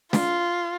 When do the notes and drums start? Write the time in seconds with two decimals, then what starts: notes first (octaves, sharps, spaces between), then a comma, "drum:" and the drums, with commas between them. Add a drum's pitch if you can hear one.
0.13 F4, drum: snare